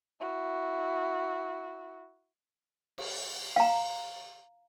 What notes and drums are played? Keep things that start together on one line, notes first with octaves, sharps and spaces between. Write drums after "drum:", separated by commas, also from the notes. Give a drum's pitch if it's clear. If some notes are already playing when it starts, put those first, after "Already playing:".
E4 F#4
drum: cymbal
F5 A#5